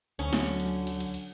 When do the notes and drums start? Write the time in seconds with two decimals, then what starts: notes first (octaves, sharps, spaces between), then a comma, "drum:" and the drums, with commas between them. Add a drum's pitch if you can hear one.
0.19 D2 D3 F#3 C#4, drum: cymbal
0.33 drum: snare
0.46 drum: cymbal
0.60 drum: cymbal
0.87 drum: cymbal
1.00 drum: cymbal
1.14 drum: cymbal